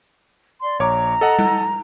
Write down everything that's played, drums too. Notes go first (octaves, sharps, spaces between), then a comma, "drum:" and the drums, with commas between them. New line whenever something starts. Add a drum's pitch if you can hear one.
D5 C6
A#1 C#5 A#5 D6
A4 D#5 F#5
drum: tom G3